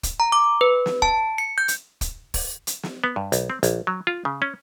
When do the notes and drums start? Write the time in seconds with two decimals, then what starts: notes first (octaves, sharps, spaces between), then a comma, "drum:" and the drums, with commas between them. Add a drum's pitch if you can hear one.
0.03 drum: kick, hi-hat
0.20 A#5
0.32 D6
0.61 B4
0.86 drum: snare
1.02 A5, drum: kick
1.38 C#7
1.58 G6
1.68 drum: hi-hat
2.01 drum: kick, hi-hat
2.34 drum: kick, open hi-hat
2.67 drum: hi-hat
2.83 drum: snare
3.04 B3
3.16 G2
3.32 B1, drum: hi-hat
3.50 C4
3.63 A#1, drum: hi-hat
3.87 F#3
4.07 F4
4.25 C#3
4.42 C#4